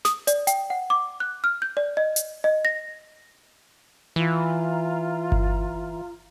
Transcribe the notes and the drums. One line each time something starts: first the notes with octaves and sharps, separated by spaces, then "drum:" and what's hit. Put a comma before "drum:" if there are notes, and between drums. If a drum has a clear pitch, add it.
D#6, drum: snare
D5, drum: hi-hat
G5, drum: hi-hat
F#5
D6
F#6
F6
G6
D5
D#5
drum: hi-hat
D#5
A#6
E3 F4 A#5
drum: kick G1